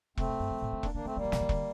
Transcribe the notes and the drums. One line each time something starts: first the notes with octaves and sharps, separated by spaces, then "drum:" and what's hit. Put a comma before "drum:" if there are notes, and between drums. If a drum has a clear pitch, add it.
C3 A3 C4, drum: kick E1
A#2
G2
F2
A2
D3
D#3 A#3 D4, drum: kick E1
D3 A#3 D4
D#3 A3 C4
D#3 G3 A#3
D3
C3, drum: snare
D#3
D3, drum: kick E1